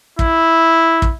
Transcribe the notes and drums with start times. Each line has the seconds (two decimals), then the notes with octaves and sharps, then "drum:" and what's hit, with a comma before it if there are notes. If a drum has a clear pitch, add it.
0.19 E4, drum: kick
1.02 drum: kick